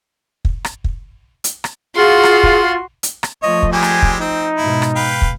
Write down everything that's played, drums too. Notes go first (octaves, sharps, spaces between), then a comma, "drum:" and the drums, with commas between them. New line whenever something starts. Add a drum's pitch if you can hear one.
drum: kick
drum: rim click
drum: kick
drum: hi-hat
drum: rim click
F4 F#4 G#4 C6
drum: rim click
drum: kick
drum: hi-hat
drum: rim click
F3 A3 C#5 D#5
drum: kick
G3 G#3 C4 G#5
drum: rim click
drum: kick
C4 D#4
G#2 B2 E4
drum: rim click
B4 F5 G5
drum: kick